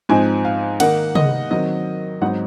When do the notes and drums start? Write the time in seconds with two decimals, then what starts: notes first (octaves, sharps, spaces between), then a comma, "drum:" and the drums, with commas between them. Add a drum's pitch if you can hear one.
0.09 G#2 F3 C4 D#4 G#5
0.45 F5
0.80 D#3 A#3 D#4 F#5, drum: cymbal
1.15 D#5, drum: tom
1.51 D#3 F#3 C4 D#5
2.22 G#2 F#3 C4 D#4 F#5